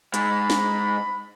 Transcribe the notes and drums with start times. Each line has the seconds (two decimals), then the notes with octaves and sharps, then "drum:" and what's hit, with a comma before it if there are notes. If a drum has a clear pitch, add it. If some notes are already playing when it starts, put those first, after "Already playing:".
0.14 G#2 G#3 B5, drum: hi-hat
0.50 drum: snare